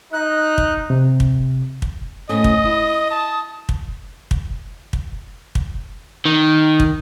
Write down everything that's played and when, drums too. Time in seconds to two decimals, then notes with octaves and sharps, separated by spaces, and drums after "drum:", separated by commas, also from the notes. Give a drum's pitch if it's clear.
0.13 D#4 F#6
0.58 drum: kick
0.90 C3
1.20 drum: kick
1.82 drum: kick
2.29 A2 C4 C#4 D#5 D#6
2.44 drum: kick
2.65 E4
3.11 A5
3.69 drum: kick
4.31 drum: kick
4.93 drum: kick
5.55 drum: kick
6.25 D#3
6.80 drum: kick